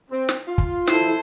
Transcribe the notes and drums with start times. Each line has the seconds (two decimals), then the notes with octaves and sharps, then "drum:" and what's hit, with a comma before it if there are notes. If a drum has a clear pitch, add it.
0.11 C4
0.29 drum: snare
0.47 F4
0.58 drum: kick
0.87 E4 A4 C5, drum: snare